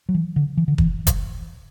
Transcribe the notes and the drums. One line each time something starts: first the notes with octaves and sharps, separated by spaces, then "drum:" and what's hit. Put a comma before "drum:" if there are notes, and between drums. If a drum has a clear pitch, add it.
F#3
E3
D3
E3
D3
E3, drum: kick
drum: kick, hi-hat